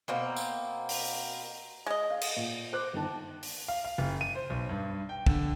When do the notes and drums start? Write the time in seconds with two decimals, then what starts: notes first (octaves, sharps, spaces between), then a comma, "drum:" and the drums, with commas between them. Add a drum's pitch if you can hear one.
0.08 B2 A#3 C4
0.37 drum: tambourine
0.89 drum: open hi-hat
1.86 G#3 D#5
2.10 F5
2.21 drum: cymbal
2.36 A#2
2.73 C5 D6 F#6
2.93 G1 D#3 A5
3.43 drum: open hi-hat
3.68 F5
3.85 F5
3.98 F#1
4.21 D#7
4.35 C5
4.50 B1
4.69 G2
5.09 G5
5.26 D3, drum: kick